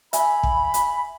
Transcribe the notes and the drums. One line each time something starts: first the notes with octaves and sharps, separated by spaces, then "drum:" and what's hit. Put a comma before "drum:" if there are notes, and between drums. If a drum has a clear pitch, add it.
E5 G#5 B5, drum: hi-hat
drum: kick
drum: hi-hat